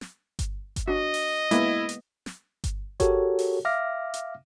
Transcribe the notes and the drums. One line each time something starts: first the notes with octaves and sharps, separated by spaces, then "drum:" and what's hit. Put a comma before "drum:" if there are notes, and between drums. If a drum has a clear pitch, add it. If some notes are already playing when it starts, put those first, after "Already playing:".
drum: snare
drum: kick G1, hi-hat
drum: kick G1, hi-hat
D4 F#4 D#5
drum: open hi-hat
G#3 A#3 B3 E4, drum: hi-hat
drum: hi-hat
drum: snare
drum: kick G1, hi-hat
F#4 G4 A4 A#4 C#5, drum: kick G1, hi-hat
drum: open hi-hat
E5 F5 D6 F6 A#6
drum: hi-hat